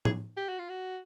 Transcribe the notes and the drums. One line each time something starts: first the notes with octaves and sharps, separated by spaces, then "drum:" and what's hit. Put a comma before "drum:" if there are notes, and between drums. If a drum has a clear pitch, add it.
G#4, drum: tom A2
G4
F#4
F4
F#4